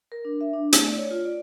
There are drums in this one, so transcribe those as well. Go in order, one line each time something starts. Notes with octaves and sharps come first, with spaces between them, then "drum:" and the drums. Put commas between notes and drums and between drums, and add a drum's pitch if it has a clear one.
A#4
D4
E5
D4
A3, drum: hi-hat
D5
C#5
F4
D5